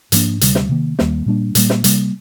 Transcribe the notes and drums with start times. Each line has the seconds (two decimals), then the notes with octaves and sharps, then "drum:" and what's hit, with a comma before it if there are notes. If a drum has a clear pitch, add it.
0.12 G#2 F3 A#3 D4, drum: hi-hat
0.41 D2 C3 G3, drum: hi-hat
0.55 drum: snare
0.69 C3 D#3 A#3
0.99 D#2 D#3 G3 A#3, drum: snare
1.26 A#2 G3 A#3 D4
1.55 A#2 G3 A#3, drum: hi-hat
1.70 drum: snare
1.84 C3 G3 A#3, drum: hi-hat